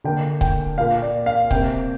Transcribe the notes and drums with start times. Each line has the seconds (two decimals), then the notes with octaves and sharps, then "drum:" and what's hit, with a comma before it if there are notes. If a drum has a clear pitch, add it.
0.04 D3 A#3 G5
0.41 G5, drum: kick
0.78 A#2 A#3 F5
1.02 D5
1.26 F5
1.51 C3 A#3 G5, drum: kick